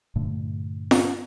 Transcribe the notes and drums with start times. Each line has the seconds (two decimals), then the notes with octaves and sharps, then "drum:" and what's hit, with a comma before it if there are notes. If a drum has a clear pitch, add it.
0.15 G2 A#2 D3 A3
0.91 drum: snare